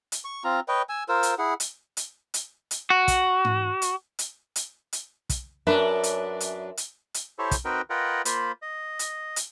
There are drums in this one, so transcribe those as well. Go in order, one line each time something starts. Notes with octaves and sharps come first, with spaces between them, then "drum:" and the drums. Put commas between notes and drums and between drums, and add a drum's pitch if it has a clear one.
drum: hi-hat
C#6
C4 F4 A#5
B4 C#5 D#5 G5
G#5 E6
F4 A#4 C5 E6
drum: hi-hat
E4 G#4 F#5
drum: hi-hat
drum: hi-hat
drum: hi-hat
drum: hi-hat
F#4
drum: kick, hi-hat
drum: tom G#2
drum: hi-hat
drum: hi-hat
drum: hi-hat
drum: hi-hat
drum: kick, hi-hat
F#2 D4 A#4 B4 E5
drum: hi-hat
drum: hi-hat
drum: hi-hat
drum: hi-hat
E4 G4 A4 C5 C#5
drum: kick, hi-hat
C4 D#4 F#4 A#4 B4 G5
F4 A#4 B4 D#5 F#5 G5
A#3 F4 C5 B5, drum: hi-hat
D#5
drum: hi-hat
drum: hi-hat